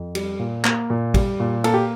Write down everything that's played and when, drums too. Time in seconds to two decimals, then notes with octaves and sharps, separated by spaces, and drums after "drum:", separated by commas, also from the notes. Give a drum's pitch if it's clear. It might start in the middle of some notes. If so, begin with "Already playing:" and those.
Already playing: F2
0.15 G3, drum: cymbal
0.39 A#2
0.65 A#3, drum: clap
0.90 A#2
1.14 G3, drum: kick, cymbal
1.40 A#2
1.64 A#3 A4, drum: cymbal
1.74 G4